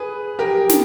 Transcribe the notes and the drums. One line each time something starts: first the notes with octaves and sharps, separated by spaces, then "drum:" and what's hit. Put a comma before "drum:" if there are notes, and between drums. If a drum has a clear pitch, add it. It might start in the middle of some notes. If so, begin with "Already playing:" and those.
Already playing: G#4 B4
G4 A#4
drum: snare